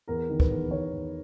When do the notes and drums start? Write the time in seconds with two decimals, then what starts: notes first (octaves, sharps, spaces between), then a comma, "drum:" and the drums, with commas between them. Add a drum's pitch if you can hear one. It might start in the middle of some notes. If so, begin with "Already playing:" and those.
0.08 E2 A#4
0.29 D#3
0.40 B4, drum: kick
0.50 E2
0.70 D#3 C#5
0.91 E2